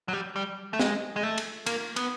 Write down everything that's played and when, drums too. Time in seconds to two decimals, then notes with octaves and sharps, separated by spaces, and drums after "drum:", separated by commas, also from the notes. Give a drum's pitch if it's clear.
0.08 F#3
0.13 G3
0.36 G3
0.73 A3
0.80 G#3, drum: snare
1.16 G#3
1.23 A3
1.38 drum: cymbal
1.66 A#3, drum: cymbal
1.96 B3, drum: cymbal